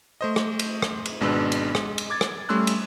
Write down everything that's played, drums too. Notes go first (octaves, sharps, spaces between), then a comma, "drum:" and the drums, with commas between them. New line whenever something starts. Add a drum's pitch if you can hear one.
A3 C5 D#5
drum: rim click
drum: cymbal
drum: rim click
drum: cymbal
G#1 B2 G#3 D4 B4 E6
drum: cymbal
G#3, drum: rim click
drum: cymbal
D6 G#6 A6
drum: rim click
G3 A3 C#4 C6 E6 F#6
drum: cymbal